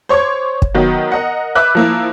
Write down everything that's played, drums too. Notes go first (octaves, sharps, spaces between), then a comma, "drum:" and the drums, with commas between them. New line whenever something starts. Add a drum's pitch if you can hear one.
C5 C#5 C#6 D6 G#6
drum: kick
D#3 F#3 B3
A#4 D#5 F#5
B4 E5 D6 F#6
F3 A#3 E4